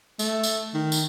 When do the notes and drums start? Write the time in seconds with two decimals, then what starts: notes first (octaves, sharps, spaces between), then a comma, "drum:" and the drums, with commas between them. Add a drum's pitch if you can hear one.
0.19 A3, drum: tambourine
0.43 drum: tambourine
0.74 D#3
0.92 drum: tambourine